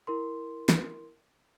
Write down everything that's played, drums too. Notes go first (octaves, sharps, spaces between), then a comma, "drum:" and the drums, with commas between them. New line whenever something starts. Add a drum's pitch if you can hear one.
E4 A#4 C6
drum: snare